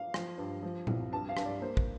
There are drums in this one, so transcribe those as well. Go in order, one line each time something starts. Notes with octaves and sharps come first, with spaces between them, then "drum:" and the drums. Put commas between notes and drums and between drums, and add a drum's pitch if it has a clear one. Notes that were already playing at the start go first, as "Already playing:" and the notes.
Already playing: F5
F3, drum: rim click
G2
F3
C2, drum: tom A#2
G2 A5
F5
G2, drum: rim click
D5
A#3 C5
drum: kick